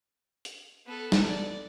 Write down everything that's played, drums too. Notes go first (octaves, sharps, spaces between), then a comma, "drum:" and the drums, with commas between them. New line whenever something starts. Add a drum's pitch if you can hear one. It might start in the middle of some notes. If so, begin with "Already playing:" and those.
drum: hi-hat
B3 A4
drum: snare
D5